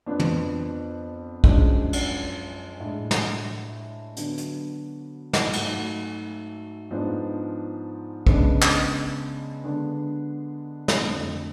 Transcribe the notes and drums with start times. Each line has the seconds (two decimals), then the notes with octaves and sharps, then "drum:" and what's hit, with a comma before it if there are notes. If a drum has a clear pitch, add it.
0.06 F2 F3 B3 D4
0.20 drum: tom
1.44 F#2 F3 G#3 D4, drum: kick
1.93 drum: cymbal
2.80 A2 G#3 D4
3.11 drum: snare
4.17 D3 F#3 B3 D4, drum: hi-hat
4.38 drum: hi-hat
5.33 drum: snare
5.53 G#2 F#3 A3, drum: cymbal
6.90 G#2 F3 G#3 B3 D4
8.27 C#3 G#3 B3 D4, drum: kick
8.62 drum: clap
9.64 D3 G#3 B3 D4
10.88 drum: snare
11.00 F2 D3 F3 A3